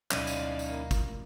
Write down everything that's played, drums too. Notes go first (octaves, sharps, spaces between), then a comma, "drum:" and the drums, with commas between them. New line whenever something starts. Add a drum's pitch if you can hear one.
D2 B2 F#3 C#4 D#4 E4 D5 F5, drum: clap
drum: tambourine
drum: tambourine
A#3
drum: kick, tambourine